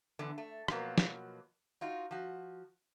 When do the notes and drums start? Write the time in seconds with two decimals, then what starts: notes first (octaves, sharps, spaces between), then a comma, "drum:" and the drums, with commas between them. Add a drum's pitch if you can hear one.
0.19 D3 E3 B3
0.38 A3
0.68 B2 F3 F#3 A#3 B3, drum: rim click
0.98 drum: snare
1.81 D#4 F4 F#4
2.11 F3 F#4